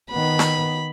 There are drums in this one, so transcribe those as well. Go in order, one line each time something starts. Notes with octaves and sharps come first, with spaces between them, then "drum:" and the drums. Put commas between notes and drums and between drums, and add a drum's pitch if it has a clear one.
D#3 B3 B5
drum: snare